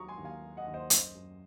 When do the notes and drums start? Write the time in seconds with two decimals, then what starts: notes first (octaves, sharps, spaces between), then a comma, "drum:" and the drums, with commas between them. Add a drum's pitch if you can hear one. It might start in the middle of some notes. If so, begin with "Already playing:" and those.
Already playing: D#2 D#3 F#3 A#5 C#6 D#6
0.08 G#5 C6
0.18 D#2
0.25 F5 G#5
0.41 F#3
0.57 D#5 F#5
0.66 D#2
0.74 C5 D#5
0.90 F#2, drum: hi-hat
1.15 F#2